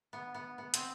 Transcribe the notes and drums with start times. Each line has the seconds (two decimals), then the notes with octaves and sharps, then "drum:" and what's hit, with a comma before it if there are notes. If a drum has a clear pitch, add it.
0.13 B3
0.34 B3
0.58 B3
0.74 C4, drum: hi-hat